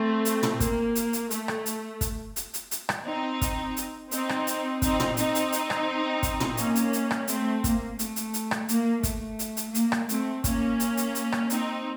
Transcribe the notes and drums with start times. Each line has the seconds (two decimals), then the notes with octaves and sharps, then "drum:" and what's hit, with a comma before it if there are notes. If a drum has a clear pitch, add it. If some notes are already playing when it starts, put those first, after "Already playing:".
Already playing: A3 C4
0.25 drum: hi-hat
0.43 drum: tom
0.60 A#3, drum: kick, hi-hat
0.95 drum: hi-hat
1.13 drum: hi-hat
1.31 A3, drum: hi-hat
1.48 drum: rim click
1.66 drum: hi-hat
2.01 drum: kick, hi-hat
2.36 drum: hi-hat
2.54 drum: hi-hat
2.71 drum: hi-hat
2.89 drum: rim click
3.06 C4 D#4
3.41 drum: kick, hi-hat
3.77 drum: hi-hat
4.11 C4 D#4, drum: hi-hat
4.29 drum: rim click
4.47 drum: hi-hat
4.82 C4 D#4, drum: kick, hi-hat
5.00 drum: tom
5.17 C4 D#4, drum: hi-hat
5.35 drum: hi-hat
5.52 drum: hi-hat
5.70 drum: rim click
6.23 drum: kick, hi-hat
6.40 drum: tom
6.57 A#3 C#4, drum: hi-hat
6.75 drum: hi-hat
6.93 drum: hi-hat
7.11 drum: rim click
7.28 A3 C4, drum: hi-hat
7.64 A#3, drum: kick, hi-hat
7.99 A3, drum: hi-hat
8.16 drum: hi-hat
8.34 drum: hi-hat
8.51 drum: rim click
8.69 A#3, drum: hi-hat
9.03 A3, drum: kick, hi-hat
9.39 drum: hi-hat
9.57 drum: hi-hat
9.75 A#3, drum: hi-hat
9.92 drum: rim click
10.09 A3 C4, drum: hi-hat
10.44 A#3 C#4, drum: kick, hi-hat
10.80 drum: hi-hat
10.97 drum: hi-hat
11.15 drum: hi-hat
11.32 drum: rim click
11.50 C4 D#4, drum: hi-hat